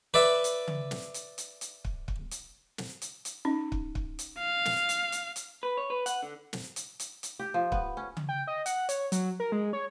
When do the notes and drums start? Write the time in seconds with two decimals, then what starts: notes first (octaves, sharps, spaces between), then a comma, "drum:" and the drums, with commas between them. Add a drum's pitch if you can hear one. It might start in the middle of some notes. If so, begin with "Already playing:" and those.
0.14 B4 D5 E5
0.44 drum: hi-hat
0.67 drum: tom C#3
0.91 drum: snare
1.14 drum: hi-hat
1.38 drum: hi-hat
1.61 drum: hi-hat
1.85 drum: kick
2.08 drum: kick
2.31 drum: hi-hat
2.78 drum: snare
3.02 drum: hi-hat
3.25 drum: hi-hat
3.45 C#4 D#4
3.72 drum: kick
3.95 drum: kick
4.19 drum: hi-hat
4.39 F5
4.65 drum: snare
4.89 drum: hi-hat
5.12 drum: hi-hat
5.36 drum: hi-hat
5.63 B4
5.77 C#5
5.90 B4
6.06 F#5, drum: hi-hat
6.23 D3
6.53 drum: snare
6.76 drum: hi-hat
7.00 drum: hi-hat
7.23 drum: hi-hat
7.39 G4
7.54 F3
7.72 B3, drum: kick
7.97 C#4
8.17 drum: tom C#3
8.29 G5
8.47 D#5
8.66 F#5, drum: hi-hat
8.89 C#5, drum: hi-hat
9.12 F#3, drum: hi-hat
9.40 A#4
9.52 G#3
9.73 C#5